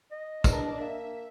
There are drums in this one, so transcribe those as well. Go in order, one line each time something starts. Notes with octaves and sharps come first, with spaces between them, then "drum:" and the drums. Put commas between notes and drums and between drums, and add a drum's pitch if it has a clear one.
D#5
E2 D4 A#4, drum: kick, tambourine
A#3 E5